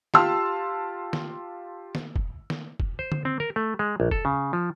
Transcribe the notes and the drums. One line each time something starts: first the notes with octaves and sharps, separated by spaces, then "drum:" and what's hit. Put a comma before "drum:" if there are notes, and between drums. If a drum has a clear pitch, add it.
F4 G4 A5 C6 E6 F6, drum: snare
drum: snare
drum: snare
drum: kick
drum: snare
drum: kick
C5
drum: tom D3
C4
A#4
A3
G#3
A#1
A4, drum: kick
C#3
F3